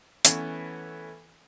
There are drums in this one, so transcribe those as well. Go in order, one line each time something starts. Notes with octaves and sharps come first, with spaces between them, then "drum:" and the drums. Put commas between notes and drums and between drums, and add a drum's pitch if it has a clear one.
E3 A3 B3 C#4, drum: hi-hat